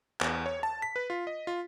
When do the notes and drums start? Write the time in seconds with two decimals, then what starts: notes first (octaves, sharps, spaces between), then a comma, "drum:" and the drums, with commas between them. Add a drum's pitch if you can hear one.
0.21 E2, drum: clap
0.46 C#5
0.63 A5
0.82 B6
0.96 B4
1.10 F4
1.27 D#5
1.47 F4